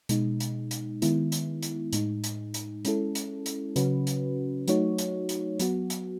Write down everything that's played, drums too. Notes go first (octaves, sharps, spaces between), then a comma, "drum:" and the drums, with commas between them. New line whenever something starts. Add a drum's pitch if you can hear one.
B2 G#3 D#4, drum: hi-hat
drum: hi-hat
drum: hi-hat
D#3 G#3 B3 E4, drum: hi-hat
drum: hi-hat
drum: hi-hat
A2 G#3 D#4, drum: hi-hat
drum: hi-hat
drum: hi-hat
G#3 C#4 E4 A4, drum: hi-hat
drum: hi-hat
drum: hi-hat
C#3 F#3 C#4 F#4 B4, drum: hi-hat
drum: hi-hat
F#3 A3 D#4 F#4 C#5, drum: hi-hat
drum: hi-hat
drum: hi-hat
F#3 B3 F#4, drum: hi-hat
drum: hi-hat